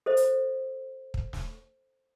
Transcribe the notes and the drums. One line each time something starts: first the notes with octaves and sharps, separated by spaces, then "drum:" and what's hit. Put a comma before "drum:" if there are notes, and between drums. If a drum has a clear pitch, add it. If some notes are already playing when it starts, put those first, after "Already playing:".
A4 C5 D#5
drum: hi-hat
drum: kick
drum: snare